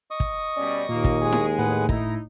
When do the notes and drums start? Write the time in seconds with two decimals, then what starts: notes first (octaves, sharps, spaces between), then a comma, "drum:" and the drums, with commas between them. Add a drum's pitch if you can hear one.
0.11 D#5 C#6 D#6
0.20 drum: kick
0.57 B2 G3 C#4 D5
0.89 D#2 A#2 A#3
1.04 drum: kick
1.22 G#3 G#4
1.32 drum: snare E4
1.58 A2 B4 F#5
1.89 D#4 E4 A#5, drum: kick